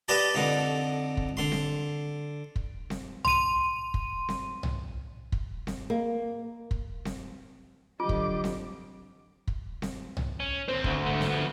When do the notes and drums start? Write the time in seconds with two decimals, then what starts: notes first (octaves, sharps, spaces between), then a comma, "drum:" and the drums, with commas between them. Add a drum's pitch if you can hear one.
0.08 G4 B4 D5 D#5 A5
0.35 F2 D3 D#4
1.17 drum: kick
1.37 D3 C6
1.52 drum: snare C4
2.56 drum: kick
2.90 drum: snare C4
3.25 C6 D#7, drum: tom
3.94 drum: kick
4.29 drum: snare C4
4.63 drum: tom
5.32 drum: kick
5.67 drum: snare C4
5.90 A#3
6.71 drum: kick
7.05 drum: snare C4
8.00 D3 F3 F#3 F4 G4 D#5 D6
8.09 drum: kick
8.44 drum: snare C4
9.47 drum: kick
9.82 drum: snare C4
10.17 drum: tom
10.40 C#4
10.69 D#2 C4 C5
10.84 D2, drum: kick
11.06 G#2 A3
11.20 drum: snare C4
11.30 F3 B3